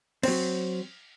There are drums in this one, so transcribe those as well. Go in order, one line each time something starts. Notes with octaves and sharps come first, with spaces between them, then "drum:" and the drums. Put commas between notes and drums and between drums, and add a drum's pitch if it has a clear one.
F#3 C4, drum: cymbal